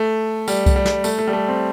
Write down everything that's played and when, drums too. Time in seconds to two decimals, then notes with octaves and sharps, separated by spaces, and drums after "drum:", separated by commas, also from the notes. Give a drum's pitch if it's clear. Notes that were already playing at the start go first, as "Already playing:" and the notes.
Already playing: A3
0.48 G3, drum: tambourine
0.66 drum: kick C2, tambourine
0.76 G3
0.85 drum: snare
1.04 A3, drum: tambourine
1.19 A3
1.27 G3
1.33 A3
1.48 C4